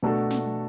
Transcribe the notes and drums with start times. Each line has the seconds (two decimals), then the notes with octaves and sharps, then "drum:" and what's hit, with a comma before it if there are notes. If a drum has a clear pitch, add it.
0.03 B2 A3 D4 F#4 A4
0.31 drum: snare